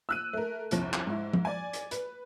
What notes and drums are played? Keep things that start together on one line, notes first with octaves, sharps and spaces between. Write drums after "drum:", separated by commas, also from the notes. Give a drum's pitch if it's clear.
E6 F#6 D#7
A3 A#4
G1 C2 F2, drum: hi-hat
drum: clap
G#2 E4
drum: tom F3
D5 G#5
drum: hi-hat
B4, drum: hi-hat